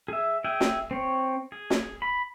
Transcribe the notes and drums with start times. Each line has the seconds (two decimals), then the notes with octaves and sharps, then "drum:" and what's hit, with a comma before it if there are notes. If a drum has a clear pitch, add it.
0.08 G#4 E5
0.44 G#4 E5 G5
0.61 drum: snare
0.91 C4 C#5
1.52 G#4
1.70 drum: snare
2.02 B5